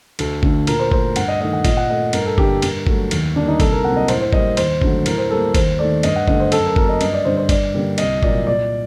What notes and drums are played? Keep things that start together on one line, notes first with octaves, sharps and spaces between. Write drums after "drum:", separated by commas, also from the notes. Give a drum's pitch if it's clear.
D2 A4, drum: cymbal
D3 A3, drum: kick G1
A#2 A#4, drum: cymbal
C5
A3 C5, drum: kick G1
G2 F#5, drum: cymbal
D#5
D#3 A3 D#5
F#5
A#2 D#5, drum: kick G1, cymbal
F#5
A3 D#5
G2 A#4, drum: cymbal
A4
D3 G3 A#3 G4, drum: kick G1
G2 A#4, drum: cymbal
F#3 A3, drum: kick G1
D#2, drum: cymbal
D3 G3 A#3 D4
D#4
C2 A4, drum: kick G1, cymbal
A#4
C3 F#3 A#3 F#5
D#5
A2 C5, drum: cymbal
C5
G3 A#3 D#5, drum: kick G1
D#2 C5, drum: cymbal
D3 F#3 A3, drum: kick G1
A2 A#4, drum: cymbal
C5
G3 A#3 A4
D#2 C5, drum: kick G1, cymbal
D#3 A3 D5
G2 D#5, drum: cymbal
F#5
D3 A3 D#5, drum: kick G1
C5
F#2 A4, drum: cymbal
A#4
F#3 A#3 A#4, drum: kick G1
D#5
G2 D#5, drum: cymbal
D5
D3 G3 C5
C5
G2 D5, drum: kick G1, cymbal
D3 G3 A#3
C2 D#5, drum: cymbal
A#2 F#3 A#3 D5, drum: kick G1
A#2 D5